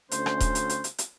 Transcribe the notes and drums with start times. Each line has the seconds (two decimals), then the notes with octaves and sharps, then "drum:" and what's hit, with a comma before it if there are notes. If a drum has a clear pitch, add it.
0.11 D2 C#4 C5, drum: hi-hat
0.26 drum: rim click
0.40 drum: kick D#1, hi-hat
0.55 drum: hi-hat
0.69 drum: hi-hat
0.84 drum: hi-hat
0.98 drum: hi-hat